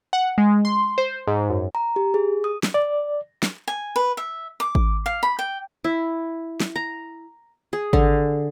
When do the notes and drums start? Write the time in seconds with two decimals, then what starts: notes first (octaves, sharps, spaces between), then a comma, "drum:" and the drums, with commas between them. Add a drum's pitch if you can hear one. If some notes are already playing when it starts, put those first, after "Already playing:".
0.13 F#5
0.38 G#3
0.65 C6
0.98 C5
1.27 G#2
1.50 F#2
1.75 A#5
1.96 G4
2.14 G#4
2.44 D#6
2.63 drum: snare
2.74 D5
3.43 drum: snare
3.68 G#5
3.96 B4
4.17 E5
4.60 D6
4.75 drum: kick G#1
5.06 F5
5.23 B5
5.39 G5
5.84 E4
6.60 drum: snare
6.76 A#5
7.73 G#4
7.93 D3, drum: kick G#1